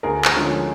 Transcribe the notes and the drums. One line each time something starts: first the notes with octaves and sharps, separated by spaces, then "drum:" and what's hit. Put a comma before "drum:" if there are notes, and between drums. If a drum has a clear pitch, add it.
D2 G#4 A#4
drum: clap
D3 F3 G#3 C#4